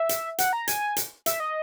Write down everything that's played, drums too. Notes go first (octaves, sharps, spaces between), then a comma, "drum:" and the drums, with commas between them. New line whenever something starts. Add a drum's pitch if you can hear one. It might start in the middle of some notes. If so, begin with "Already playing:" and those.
Already playing: E5
drum: hi-hat
F#5, drum: hi-hat
A#5
G#5, drum: hi-hat
drum: hi-hat
E5, drum: hi-hat
D#5